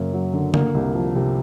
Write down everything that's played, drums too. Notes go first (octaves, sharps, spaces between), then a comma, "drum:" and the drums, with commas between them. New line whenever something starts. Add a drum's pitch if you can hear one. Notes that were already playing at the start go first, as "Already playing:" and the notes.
Already playing: F#2 C#3 A#3
F#3
D3
A#3, drum: tom C#3
C2
F3
C3